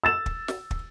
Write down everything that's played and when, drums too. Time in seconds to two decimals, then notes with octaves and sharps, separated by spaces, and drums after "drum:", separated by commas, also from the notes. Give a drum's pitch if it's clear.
0.04 E6 A6 E7
0.26 drum: kick
0.48 drum: snare
0.71 drum: kick